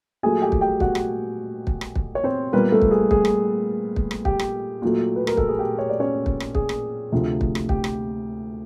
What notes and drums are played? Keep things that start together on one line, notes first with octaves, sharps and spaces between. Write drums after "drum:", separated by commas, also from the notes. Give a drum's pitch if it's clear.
A#2 F#3 A3 G#4 G#5
G4 G5
drum: kick
G4 G5
F#4 F#5, drum: kick
drum: rim click
drum: kick
drum: rim click
drum: kick
C#5
C4 C5
A#2 G3 A#3 B3 B4
A3 A4
drum: kick
G#4
G#4, drum: kick
drum: rim click
drum: kick
drum: rim click
G4, drum: kick
drum: rim click
A#2 F#3 A3
B4
A#4, drum: rim click
A4, drum: kick
G#4
G4
C#5
D5
C#4 C#5
drum: kick
drum: rim click
G#4, drum: kick
drum: rim click
D2 C3 F3
drum: kick
drum: rim click
G4, drum: kick
drum: rim click